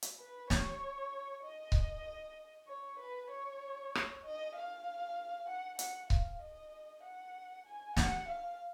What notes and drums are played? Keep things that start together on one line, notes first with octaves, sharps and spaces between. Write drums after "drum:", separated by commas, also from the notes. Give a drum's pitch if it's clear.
drum: hi-hat
B4
C#5, drum: snare
D#5
drum: kick C#1
C#5
B4
C#5
drum: rim click
D#5
F5
F#5
F#5, drum: hi-hat
F5, drum: kick C#1
D#5
F#5
G#5
F#5, drum: snare
F5